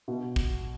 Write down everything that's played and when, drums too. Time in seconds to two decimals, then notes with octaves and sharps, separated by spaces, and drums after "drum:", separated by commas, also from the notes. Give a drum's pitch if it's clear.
0.08 B2
0.36 drum: kick